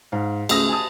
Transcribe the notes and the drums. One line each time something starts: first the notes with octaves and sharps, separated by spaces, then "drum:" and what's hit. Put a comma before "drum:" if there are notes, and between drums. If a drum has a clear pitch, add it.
G#2 F5
C#2 A3 G#4 E5 D#6 A#6, drum: cymbal
G#5 A5 D#6